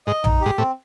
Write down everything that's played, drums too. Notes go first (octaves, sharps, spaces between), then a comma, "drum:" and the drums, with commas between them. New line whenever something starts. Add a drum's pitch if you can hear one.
G#2 D#5
D#4, drum: tom A#1
G#2 G4
A2 C4